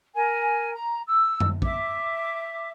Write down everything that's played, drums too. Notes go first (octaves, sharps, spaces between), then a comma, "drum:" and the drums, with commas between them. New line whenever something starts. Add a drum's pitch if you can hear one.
A#4 G#5
A#5
E6
drum: tom F#2
E5 D6, drum: kick